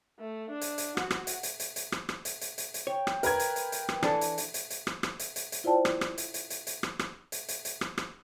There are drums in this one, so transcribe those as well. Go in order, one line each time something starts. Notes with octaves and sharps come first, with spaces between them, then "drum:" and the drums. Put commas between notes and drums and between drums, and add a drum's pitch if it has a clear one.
A3
D4
drum: hi-hat
drum: hi-hat
F#4, drum: rim click
drum: rim click
drum: hi-hat
drum: hi-hat
drum: hi-hat
drum: hi-hat
drum: rim click
drum: rim click
drum: hi-hat
drum: hi-hat
drum: hi-hat
drum: hi-hat
C#5 G5
drum: rim click
A#4 B4 G#6, drum: hi-hat
drum: hi-hat
drum: hi-hat
drum: hi-hat
drum: rim click
E3 D4 A4, drum: rim click
drum: hi-hat
drum: hi-hat
drum: hi-hat
drum: hi-hat
drum: rim click
drum: rim click
drum: hi-hat
drum: hi-hat
drum: hi-hat
E4 F4 C5 D5 G5 A5
drum: rim click
drum: rim click
drum: hi-hat
drum: hi-hat
drum: hi-hat
drum: hi-hat
drum: rim click
drum: rim click
drum: hi-hat
drum: hi-hat
drum: hi-hat
drum: rim click
drum: rim click